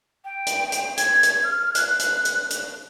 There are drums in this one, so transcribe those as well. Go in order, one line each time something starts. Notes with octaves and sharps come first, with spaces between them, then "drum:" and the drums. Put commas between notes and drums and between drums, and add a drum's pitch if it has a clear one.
G5
drum: hi-hat
drum: hi-hat
G#6, drum: hi-hat
drum: hi-hat
F6
F#6, drum: hi-hat
drum: hi-hat
drum: hi-hat
drum: hi-hat